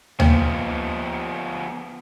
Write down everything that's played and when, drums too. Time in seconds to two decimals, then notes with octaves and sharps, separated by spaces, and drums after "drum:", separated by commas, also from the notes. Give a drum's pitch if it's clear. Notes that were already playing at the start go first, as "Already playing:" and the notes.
0.20 F3 A#3 B3, drum: tom D2